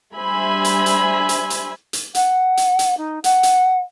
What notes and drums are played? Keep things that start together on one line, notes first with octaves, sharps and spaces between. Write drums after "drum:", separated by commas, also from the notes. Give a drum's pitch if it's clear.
G3 D4 C5 E5 G#5 B5
drum: hi-hat
drum: hi-hat
drum: hi-hat
drum: hi-hat
drum: hi-hat
F#5, drum: hi-hat
drum: hi-hat
drum: hi-hat
D#4
F#5, drum: hi-hat
drum: hi-hat